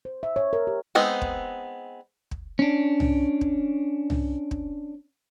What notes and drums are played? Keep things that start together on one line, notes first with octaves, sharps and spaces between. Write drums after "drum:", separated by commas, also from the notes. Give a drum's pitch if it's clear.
C5
E5
C#5
A#4
G4
G#3 B3 C4 D#4
drum: kick
drum: kick
C#4 D4
drum: tom
drum: kick
drum: tom
drum: kick